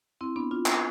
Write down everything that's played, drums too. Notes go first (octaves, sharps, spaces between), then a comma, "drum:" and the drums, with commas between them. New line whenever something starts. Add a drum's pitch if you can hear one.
C4 E4
B3 D4
D4 F4
drum: clap